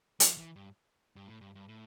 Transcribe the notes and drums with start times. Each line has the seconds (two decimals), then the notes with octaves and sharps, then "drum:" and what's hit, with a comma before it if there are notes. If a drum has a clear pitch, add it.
0.20 F3, drum: hi-hat
0.38 E3
0.56 G2
1.16 G2
1.28 A2
1.41 G2
1.55 G2
1.69 A2